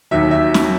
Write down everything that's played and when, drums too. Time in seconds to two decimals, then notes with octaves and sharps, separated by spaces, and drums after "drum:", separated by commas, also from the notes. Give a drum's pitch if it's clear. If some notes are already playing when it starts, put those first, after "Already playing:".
0.11 D#2 D#3 F#3 E5
0.31 E5
0.54 drum: snare